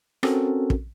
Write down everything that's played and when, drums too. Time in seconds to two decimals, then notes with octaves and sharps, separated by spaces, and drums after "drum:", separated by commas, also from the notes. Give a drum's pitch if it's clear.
0.23 C4 C#4 F#4 A4 A#4, drum: rim click
0.70 drum: kick